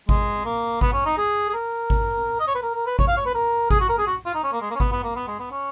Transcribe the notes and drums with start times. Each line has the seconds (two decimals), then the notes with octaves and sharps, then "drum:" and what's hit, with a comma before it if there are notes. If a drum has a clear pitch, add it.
0.09 G#3, drum: kick G#1
0.45 A#3
0.81 B3, drum: kick G#1
0.93 C#4
1.05 D#4
1.18 G#4
1.49 G#4
1.54 A#4
1.90 drum: kick G#1
2.40 D#5
2.47 C#5
2.55 B4
2.63 A#4
2.75 A#4
2.86 B4
2.99 C#5, drum: kick G#1
3.08 F5
3.17 C#5
3.26 B4
3.35 A#4
3.70 G#4, drum: kick G#1
3.80 F#4
3.89 A#4
3.98 G#4
4.07 F#4
4.26 F4
4.35 D#4
4.43 C#4
4.52 A#3
4.61 G#3
4.71 A#3
4.75 C#4
4.80 B3, drum: kick G#1
4.92 B3
5.04 A#3
5.16 B3
5.28 G#3
5.40 B3
5.51 C#4